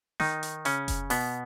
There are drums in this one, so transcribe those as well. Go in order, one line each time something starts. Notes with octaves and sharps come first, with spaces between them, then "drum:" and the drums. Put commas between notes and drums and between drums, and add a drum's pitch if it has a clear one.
D#3 D#4, drum: snare
drum: hi-hat
C#3 C#4, drum: hi-hat
drum: kick F1, hi-hat
B2 B3, drum: open hi-hat